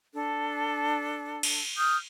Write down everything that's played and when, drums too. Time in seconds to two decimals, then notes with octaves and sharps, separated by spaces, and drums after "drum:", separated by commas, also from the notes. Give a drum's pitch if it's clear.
0.14 D4 A4
1.43 drum: cymbal
1.77 D#6 F6 G6